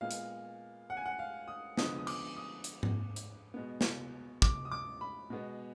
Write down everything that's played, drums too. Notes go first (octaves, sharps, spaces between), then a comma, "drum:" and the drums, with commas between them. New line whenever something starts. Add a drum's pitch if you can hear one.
A#2 G#3 B3 F5
drum: hi-hat
F#5
G#5
F#5
F5
D#6
D3 F3 G#3 B3 D#6, drum: snare
D#6
D6, drum: cymbal
D#6
drum: hi-hat
drum: tom G#2
drum: hi-hat
B2 G#3 B3
drum: snare
D6, drum: kick
D#6
D6
B5
B2 G#3 B3